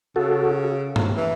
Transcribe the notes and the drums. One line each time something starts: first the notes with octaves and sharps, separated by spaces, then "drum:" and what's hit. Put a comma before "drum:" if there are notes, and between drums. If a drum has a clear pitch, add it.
C#3 F#4 A4
drum: tom G2
E3